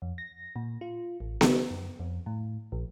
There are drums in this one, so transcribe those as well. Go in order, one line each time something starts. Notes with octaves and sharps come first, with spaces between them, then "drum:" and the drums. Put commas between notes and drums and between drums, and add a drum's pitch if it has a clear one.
F2
A#6
A#2
F4
A1
C#3, drum: snare B3
F#2
F2
A2
A#1